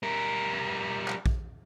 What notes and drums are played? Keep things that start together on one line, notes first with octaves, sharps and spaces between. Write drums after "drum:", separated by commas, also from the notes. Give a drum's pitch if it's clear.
G3 A#4
drum: clap
drum: kick A#1